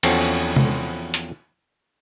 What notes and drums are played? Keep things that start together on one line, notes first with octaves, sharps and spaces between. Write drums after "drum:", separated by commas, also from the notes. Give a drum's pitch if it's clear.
E2 F3 C4 C#4 F#4 A4, drum: cymbal
drum: tom
drum: hi-hat